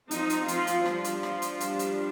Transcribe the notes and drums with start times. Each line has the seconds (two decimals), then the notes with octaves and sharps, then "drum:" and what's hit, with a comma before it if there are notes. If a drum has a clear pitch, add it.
0.11 F3 C4 D#4, drum: hi-hat
0.30 drum: hi-hat
0.48 F3 F4, drum: hi-hat
0.67 drum: hi-hat
0.85 F3 G3 D4 F4, drum: rim click
1.04 drum: hi-hat
1.23 drum: rim click
1.42 drum: hi-hat
1.60 G3 D4, drum: hi-hat
1.79 drum: hi-hat